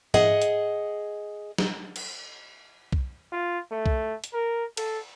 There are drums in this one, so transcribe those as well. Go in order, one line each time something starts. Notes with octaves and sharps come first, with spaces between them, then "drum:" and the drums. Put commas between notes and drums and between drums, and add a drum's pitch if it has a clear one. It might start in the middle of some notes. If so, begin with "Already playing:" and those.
G#4 D#5 F#5, drum: tom G#2
drum: hi-hat
drum: snare
drum: cymbal
drum: kick B1
F4
A3
drum: kick B1
drum: hi-hat
A#4
A4, drum: cymbal